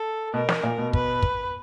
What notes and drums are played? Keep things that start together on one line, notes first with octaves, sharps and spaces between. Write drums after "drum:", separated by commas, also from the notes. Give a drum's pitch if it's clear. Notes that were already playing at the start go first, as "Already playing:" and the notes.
Already playing: A4
B2 A#4
drum: snare
A#2
B2
B4, drum: kick
drum: kick